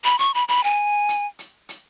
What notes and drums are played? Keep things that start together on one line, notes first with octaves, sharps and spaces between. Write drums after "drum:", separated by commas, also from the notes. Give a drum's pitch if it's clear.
B5
C#6, drum: hi-hat
B5
B5, drum: hi-hat
G#5
drum: hi-hat
drum: hi-hat
drum: hi-hat